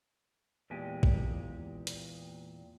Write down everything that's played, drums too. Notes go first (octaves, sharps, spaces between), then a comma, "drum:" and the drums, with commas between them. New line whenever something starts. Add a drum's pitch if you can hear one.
E2 A#2 G#3 G4 G#5
drum: kick
drum: hi-hat